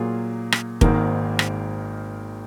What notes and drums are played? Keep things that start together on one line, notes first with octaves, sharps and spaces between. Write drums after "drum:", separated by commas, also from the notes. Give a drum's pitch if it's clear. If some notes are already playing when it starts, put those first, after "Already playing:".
Already playing: A#2 F#3 A#3 F4 G#4
drum: rim click
G#1 G#2 D#3 A#3, drum: kick
drum: rim click